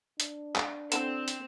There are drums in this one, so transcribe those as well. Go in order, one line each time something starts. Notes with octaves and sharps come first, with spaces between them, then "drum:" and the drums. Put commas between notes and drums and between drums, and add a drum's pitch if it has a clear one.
D4, drum: hi-hat
drum: clap
D3 E3 C4 A4 E7, drum: hi-hat
drum: hi-hat